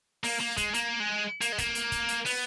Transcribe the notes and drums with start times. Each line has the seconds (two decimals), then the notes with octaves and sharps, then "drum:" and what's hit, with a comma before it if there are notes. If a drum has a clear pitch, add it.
0.24 A#3, drum: open hi-hat
0.40 A#3
0.57 G#3, drum: kick, hi-hat
0.74 A#3, drum: hi-hat
1.00 G#3
1.41 A#3, drum: hi-hat
1.53 G#3
1.58 A#3, drum: kick, hi-hat
1.75 drum: hi-hat
1.92 drum: kick, hi-hat
2.09 drum: hi-hat
2.26 B3, drum: open hi-hat